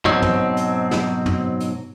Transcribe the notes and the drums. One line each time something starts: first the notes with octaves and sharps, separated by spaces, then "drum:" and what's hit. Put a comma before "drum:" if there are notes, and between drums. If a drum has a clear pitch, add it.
G#2 B2 F#3 C4
drum: tom
drum: hi-hat
drum: snare
drum: tom
drum: hi-hat